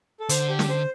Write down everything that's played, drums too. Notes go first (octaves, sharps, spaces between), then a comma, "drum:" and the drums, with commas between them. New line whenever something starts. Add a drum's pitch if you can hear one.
A4
D3 C5, drum: hi-hat
G4
drum: snare
C5